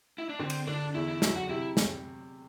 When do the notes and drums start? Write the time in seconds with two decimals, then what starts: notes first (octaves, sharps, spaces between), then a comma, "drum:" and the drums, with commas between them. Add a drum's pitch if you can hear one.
0.18 E4
0.29 D4
0.39 D3 C4
0.50 drum: cymbal
0.67 D3 D4
0.95 E2 E4
1.08 E4
1.22 F#3 E4, drum: snare
1.35 F#4
1.49 C3 E4
1.77 drum: snare